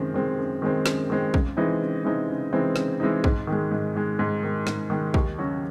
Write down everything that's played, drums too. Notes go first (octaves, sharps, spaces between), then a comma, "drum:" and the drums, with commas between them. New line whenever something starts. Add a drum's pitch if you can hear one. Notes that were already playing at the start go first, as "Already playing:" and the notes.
Already playing: F#2 D#3 G#3 C4
D#3 G#3 C4
F#2
D#3 G#3 C4
F#2, drum: snare
D#3 G#3 C4
C#3, drum: kick A#1
E3 G#3 C4 D#4
C#3
E3 G#3 C4 D#4
C#3
E3 G#3 C4 D#4
C#3, drum: snare
E3 G#3 C4 D#4
G#2, drum: kick A#1
D#3 G#3
G#2
D#3 G#3
G#2
D#3 G#3
G#2, drum: snare
D#3 G#3
D#2, drum: kick A#1
C#3 F#3 C#4 F#4